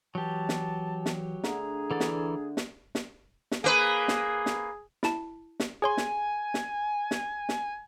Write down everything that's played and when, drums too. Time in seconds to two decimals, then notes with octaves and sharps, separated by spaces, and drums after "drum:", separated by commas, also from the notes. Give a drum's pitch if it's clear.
0.15 E3 F#3 G4 A5
0.49 drum: snare
1.06 drum: snare
1.44 D3 A3 G#4 A#5, drum: snare
1.91 D3 E3 A4 D5
2.00 drum: snare
2.57 drum: snare
2.95 drum: snare
3.52 drum: snare
3.64 A#3 G#4 B4
4.08 drum: snare
4.46 drum: snare
5.03 E4 A5, drum: snare
5.60 drum: snare
5.82 G#4 C#5 G#5 C6
5.97 drum: snare
6.54 drum: snare
7.11 drum: snare
7.49 drum: snare